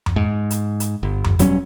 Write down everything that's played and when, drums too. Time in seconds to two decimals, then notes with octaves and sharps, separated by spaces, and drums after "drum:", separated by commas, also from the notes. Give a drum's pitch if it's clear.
0.06 drum: tom F2
0.16 G#2
0.50 drum: hi-hat
0.80 drum: hi-hat
1.03 G1
1.24 drum: tom F2
1.39 E1 F#3 G3 C#4, drum: hi-hat